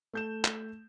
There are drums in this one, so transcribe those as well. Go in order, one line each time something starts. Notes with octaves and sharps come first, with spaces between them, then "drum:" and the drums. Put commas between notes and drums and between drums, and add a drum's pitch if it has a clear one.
A3 G6 E7
drum: clap